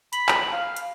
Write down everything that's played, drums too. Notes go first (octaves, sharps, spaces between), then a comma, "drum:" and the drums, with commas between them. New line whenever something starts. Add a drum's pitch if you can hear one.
B5, drum: hi-hat
drum: clap
F5
drum: hi-hat